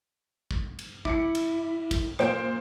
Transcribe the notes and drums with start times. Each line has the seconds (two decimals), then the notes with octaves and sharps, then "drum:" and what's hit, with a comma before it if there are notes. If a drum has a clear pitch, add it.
0.51 drum: kick
0.79 drum: cymbal
1.05 E4 D6 C#7, drum: kick
1.35 drum: cymbal
1.91 drum: kick, cymbal
2.19 A#2 C5 D7, drum: rim click